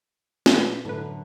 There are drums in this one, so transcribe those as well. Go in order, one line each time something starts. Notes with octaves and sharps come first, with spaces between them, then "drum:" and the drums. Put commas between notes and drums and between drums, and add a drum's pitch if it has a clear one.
A#2 B3 D4 B4 E5, drum: snare
F#2 A2 D3 B4